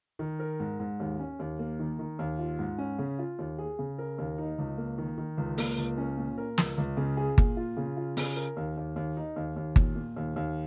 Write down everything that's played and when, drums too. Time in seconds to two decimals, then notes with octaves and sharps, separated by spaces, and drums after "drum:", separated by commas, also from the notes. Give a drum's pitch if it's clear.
0.19 D#3
0.39 A#4
0.60 G#2
0.79 G#2
1.00 D#2
1.19 C#4
1.39 D#2
1.59 A#3
1.79 D#3
1.99 D#3
2.19 D#2
2.39 F4
2.59 G#2
2.78 C#4
2.99 C#3
3.19 F4
3.39 D#2
3.59 G#4
3.79 C#3
3.99 A#4
4.18 D#2
4.38 D#4
4.58 C#2
4.78 A#3
4.98 D#3
5.18 D#3
5.37 C#2
5.58 A#3, drum: open hi-hat
5.78 C#2
5.98 C#4
6.18 A#2
6.38 A#4
6.58 C#2, drum: snare
6.78 C#2
6.97 C#3
7.17 G#4
7.38 A#2, drum: kick G1
7.57 F4
7.77 C#3
7.97 F4
8.17 C#3, drum: open hi-hat
8.36 A#4
8.57 D#2
8.77 D#2
8.96 D#2
9.17 D#4
9.36 D#2
9.56 D#2
9.76 A#2, drum: kick G1
9.96 A#2
10.16 D#2
10.36 D#2